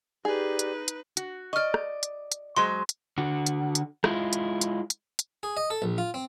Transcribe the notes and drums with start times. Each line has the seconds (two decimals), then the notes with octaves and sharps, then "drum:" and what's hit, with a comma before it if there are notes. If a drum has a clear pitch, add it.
0.25 D#4 G4 G#4 B4 D5
0.59 drum: hi-hat
0.88 drum: hi-hat
1.17 F#4, drum: hi-hat
1.53 D5 D#5 C#6 F6
1.74 drum: rim click
2.03 drum: hi-hat
2.32 drum: hi-hat
2.57 F#3 G#3 C5 C6
2.89 drum: hi-hat
3.18 D3 F#4
3.46 drum: hi-hat
3.75 drum: hi-hat
4.04 G#3 E4 F4, drum: rim click
4.33 drum: hi-hat
4.61 drum: hi-hat
4.90 drum: hi-hat
5.19 drum: hi-hat
5.43 G#4
5.57 D#5
5.70 A4
5.82 A#1
5.98 F4
6.14 C4